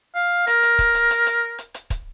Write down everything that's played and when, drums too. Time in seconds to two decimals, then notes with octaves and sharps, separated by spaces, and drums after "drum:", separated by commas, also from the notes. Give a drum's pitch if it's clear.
0.15 F5
0.47 A#4, drum: hi-hat
0.63 drum: hi-hat
0.79 drum: kick, hi-hat
0.95 drum: hi-hat
1.11 drum: hi-hat
1.27 drum: hi-hat
1.58 drum: hi-hat
1.74 drum: hi-hat
1.90 drum: kick, hi-hat